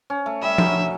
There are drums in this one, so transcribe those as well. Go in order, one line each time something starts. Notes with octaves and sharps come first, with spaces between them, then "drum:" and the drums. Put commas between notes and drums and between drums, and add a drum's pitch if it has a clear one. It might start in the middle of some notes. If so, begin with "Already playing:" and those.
C#4
A3
G3 E5
F#3, drum: tom F3